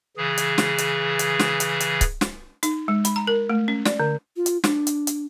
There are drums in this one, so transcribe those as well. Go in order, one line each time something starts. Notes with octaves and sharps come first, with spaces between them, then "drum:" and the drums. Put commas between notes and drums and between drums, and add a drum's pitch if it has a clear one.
C#3 E3 G#4
drum: hi-hat
drum: snare
drum: hi-hat
drum: hi-hat
drum: snare
drum: hi-hat
drum: hi-hat
drum: kick C#1, hi-hat
drum: snare
D#4, drum: hi-hat
G#3
B5, drum: hi-hat
A#5
A#4
A3
C#4
D5, drum: snare
D3
F4
drum: hi-hat
D4, drum: snare
drum: hi-hat
drum: hi-hat